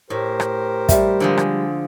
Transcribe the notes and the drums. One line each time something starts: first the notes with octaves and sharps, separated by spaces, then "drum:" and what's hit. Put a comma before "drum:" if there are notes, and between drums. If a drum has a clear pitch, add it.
A2 G4 A#4 C5
drum: rim click
G3 E5, drum: kick, hi-hat
D3 F3 G#3
drum: rim click